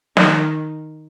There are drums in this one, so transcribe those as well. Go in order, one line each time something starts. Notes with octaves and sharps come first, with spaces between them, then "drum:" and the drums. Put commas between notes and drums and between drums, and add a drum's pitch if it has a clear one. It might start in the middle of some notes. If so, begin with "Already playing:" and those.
D#3, drum: snare